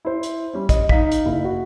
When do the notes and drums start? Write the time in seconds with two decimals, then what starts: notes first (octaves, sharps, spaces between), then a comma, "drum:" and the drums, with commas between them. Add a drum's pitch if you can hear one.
0.05 E4 C5
0.23 drum: hi-hat
0.53 G3 C#4
0.69 D#5, drum: kick, hi-hat
0.89 D#4 F5 B6, drum: kick
1.12 drum: hi-hat
1.26 F#1 E4
1.44 F#4